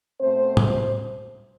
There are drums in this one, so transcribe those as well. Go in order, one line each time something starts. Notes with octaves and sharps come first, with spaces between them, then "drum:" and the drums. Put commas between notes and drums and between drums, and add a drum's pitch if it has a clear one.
B2 A3 C4 C5
C5, drum: tom